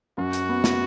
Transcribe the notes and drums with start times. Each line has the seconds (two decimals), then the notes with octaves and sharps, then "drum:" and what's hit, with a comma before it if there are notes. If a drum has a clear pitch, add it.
0.18 F#2 F#4
0.33 drum: hi-hat
0.49 B3
0.64 drum: snare